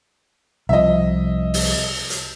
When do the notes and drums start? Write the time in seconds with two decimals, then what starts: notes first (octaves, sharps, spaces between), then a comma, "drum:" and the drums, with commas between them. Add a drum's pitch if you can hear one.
0.69 C2 F3 D#5 E5
1.54 drum: open hi-hat
2.10 drum: hi-hat